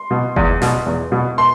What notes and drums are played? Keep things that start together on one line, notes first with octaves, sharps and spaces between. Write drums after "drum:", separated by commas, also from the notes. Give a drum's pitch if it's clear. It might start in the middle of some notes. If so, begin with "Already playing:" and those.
Already playing: C6
B2
E2, drum: kick F#1
B2, drum: snare
E2
B2
C6